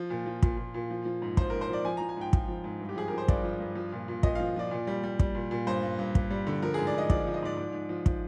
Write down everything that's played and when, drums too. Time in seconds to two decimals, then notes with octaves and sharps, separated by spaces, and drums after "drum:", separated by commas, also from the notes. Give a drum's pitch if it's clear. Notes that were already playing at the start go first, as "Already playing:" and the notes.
Already playing: F3
0.10 A#2
0.26 F3
0.43 A#2, drum: kick
0.57 A#2
0.74 A#2
0.90 F3
1.05 F3
1.22 G#2
1.37 F3 C5, drum: kick
1.50 G#2 A#4
1.61 C5
1.70 F3 D5
1.85 F3 G#5
1.97 F3 A#5
2.09 G#5
2.17 G#2 G5
2.33 F3, drum: kick
2.48 F3
2.64 G#2
2.80 G2
2.89 G4
2.96 F3 G#4
3.08 F3 A#4
3.18 C5
3.28 G2 D5, drum: kick
3.44 F3
3.60 G2
3.75 F3
3.92 A#2
4.08 A#2
4.23 A#2 D#5, drum: kick
4.35 F3 F5
4.56 F3 D5
4.71 A#2
4.87 G3
5.03 G3
5.19 G3, drum: kick
5.35 A#2
5.51 A#2
5.67 G2 C5
5.83 G2
5.99 G2
6.15 G2, drum: kick
6.31 G3
6.47 D3
6.62 F3 A#4
6.74 G#2 G#4
6.87 D5
6.94 G#2 D#5
7.10 F3 D5, drum: kick
7.27 F3
7.34 D#5
7.43 G#2 D5
7.57 G#2
7.73 G#2
7.89 F3
8.06 F3, drum: kick